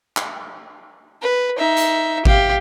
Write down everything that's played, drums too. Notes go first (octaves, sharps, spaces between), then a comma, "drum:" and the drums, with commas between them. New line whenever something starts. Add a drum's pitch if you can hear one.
drum: clap
B4
D#4 E5
drum: hi-hat
G4 F5, drum: kick G#1